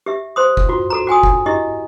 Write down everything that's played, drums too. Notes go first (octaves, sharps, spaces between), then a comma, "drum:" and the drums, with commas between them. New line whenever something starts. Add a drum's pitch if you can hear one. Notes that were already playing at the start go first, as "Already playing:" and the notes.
G4 E5
C5 C6 D#6
drum: kick F1
F4 F#4
F#4 A4 A#5
F#4 G5 G#5 D#6
drum: kick F1
E4 G4 D#5